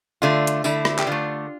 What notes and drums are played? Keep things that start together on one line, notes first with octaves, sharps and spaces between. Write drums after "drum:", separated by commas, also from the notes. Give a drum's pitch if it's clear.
D3 A3 F4
drum: hi-hat
D3 A3 E4, drum: tambourine
drum: rim click
G4, drum: clap
D3 A3 F4